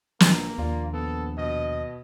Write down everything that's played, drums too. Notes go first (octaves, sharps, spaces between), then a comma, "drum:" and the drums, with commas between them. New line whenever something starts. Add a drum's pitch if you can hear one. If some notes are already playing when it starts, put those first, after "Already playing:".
A#1 A#3, drum: snare
A#1 D#2 F4 D5 F5
B3 A4
B2 D#5